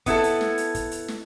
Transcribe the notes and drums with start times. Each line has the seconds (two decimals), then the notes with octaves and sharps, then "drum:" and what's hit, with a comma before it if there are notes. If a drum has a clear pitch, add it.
0.06 B3 E4 A4, drum: kick, hi-hat
0.24 drum: hi-hat
0.41 drum: snare
0.58 drum: hi-hat
0.75 drum: kick, hi-hat
0.91 drum: hi-hat
1.08 drum: snare